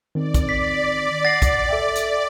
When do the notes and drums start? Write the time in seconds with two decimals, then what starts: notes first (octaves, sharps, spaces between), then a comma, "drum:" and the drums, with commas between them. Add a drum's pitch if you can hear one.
0.15 D#3 C4 D5
0.34 drum: kick, hi-hat
0.49 B6
1.25 F#5 A6 A#6 C7
1.42 drum: kick, hi-hat
1.69 A4 E5 G5
1.96 drum: hi-hat